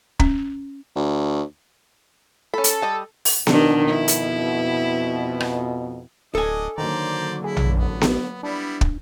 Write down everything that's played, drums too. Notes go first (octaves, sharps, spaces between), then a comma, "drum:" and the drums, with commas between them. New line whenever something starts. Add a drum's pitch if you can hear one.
C#4, drum: kick
D2
C#4 A4 B5
drum: hi-hat
G3 D#5 A5
drum: open hi-hat
F2 B2 D#3 D4, drum: snare B3
E4
drum: hi-hat
drum: rim click
D1 D4 A4 D#5 G#5
D3 D#3 F#3 A#3 C5 D5 A#5
E4 G#4
drum: tom A#1
A1 B3
drum: snare B3
G3 B3 D4 E4
drum: kick